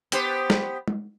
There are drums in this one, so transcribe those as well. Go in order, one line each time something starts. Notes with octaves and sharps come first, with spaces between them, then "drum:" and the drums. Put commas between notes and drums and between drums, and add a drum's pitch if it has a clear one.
B3 G4 C5, drum: hi-hat
drum: snare
drum: tom